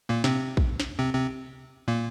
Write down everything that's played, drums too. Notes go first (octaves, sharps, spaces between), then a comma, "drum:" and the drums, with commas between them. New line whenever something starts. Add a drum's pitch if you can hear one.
A#2 A#3
C3 C4, drum: snare
drum: kick A#1
drum: snare
C3 C4
C3 C4
A#2 A#3